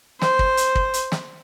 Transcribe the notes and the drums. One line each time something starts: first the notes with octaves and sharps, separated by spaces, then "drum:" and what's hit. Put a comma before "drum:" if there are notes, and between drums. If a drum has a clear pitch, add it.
C5, drum: snare
drum: kick
drum: hi-hat
drum: kick
drum: hi-hat
drum: snare